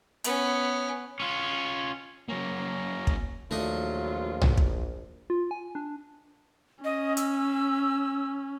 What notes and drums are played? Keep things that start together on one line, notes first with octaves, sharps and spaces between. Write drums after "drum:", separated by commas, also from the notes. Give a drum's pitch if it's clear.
B3 C#4, drum: hi-hat
C#4 F4
F#3 A#3 C#4 A#5
drum: kick
A#1 D#2 F#3 A3 D4 F4 D#5
drum: tom B1
drum: kick
F4
G#5
D4
C#4 D#5
E6, drum: hi-hat